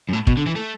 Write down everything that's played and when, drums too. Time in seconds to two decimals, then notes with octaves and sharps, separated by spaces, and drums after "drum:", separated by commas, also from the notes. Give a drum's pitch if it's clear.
0.09 F#2
0.13 A2
0.27 B2, drum: kick
0.37 D3
0.46 E3
0.56 A3